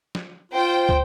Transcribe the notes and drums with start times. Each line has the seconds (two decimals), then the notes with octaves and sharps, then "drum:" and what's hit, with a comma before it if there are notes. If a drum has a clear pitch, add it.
0.15 drum: snare
0.52 F4 C5 G5
0.89 drum: kick